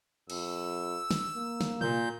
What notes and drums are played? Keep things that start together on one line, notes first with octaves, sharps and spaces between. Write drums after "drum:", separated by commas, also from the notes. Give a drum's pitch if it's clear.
F2 E6, drum: cymbal
drum: snare
A#3
drum: snare
A#2 G6, drum: tom B2